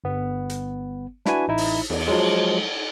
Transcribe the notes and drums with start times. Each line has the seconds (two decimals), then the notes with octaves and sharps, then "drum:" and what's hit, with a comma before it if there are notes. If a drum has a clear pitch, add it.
0.04 G1 B3
0.50 drum: hi-hat
1.26 D4 E4 F#4 B4 G#5, drum: snare
1.48 A1 D#4 E4
1.58 drum: open hi-hat
1.90 E2, drum: cymbal
2.08 F3 F#3 G#3